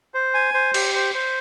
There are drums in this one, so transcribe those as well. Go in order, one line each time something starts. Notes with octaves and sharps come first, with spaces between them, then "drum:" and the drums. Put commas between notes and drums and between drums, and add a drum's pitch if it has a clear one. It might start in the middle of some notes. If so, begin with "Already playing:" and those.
C5
G#5
C5
G4, drum: cymbal
C5
C5